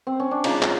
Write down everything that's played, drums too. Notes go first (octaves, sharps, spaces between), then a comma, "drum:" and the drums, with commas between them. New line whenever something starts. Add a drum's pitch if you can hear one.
C4
C#4
D4
C#3 F3 G#3 D#4, drum: cymbal
drum: clap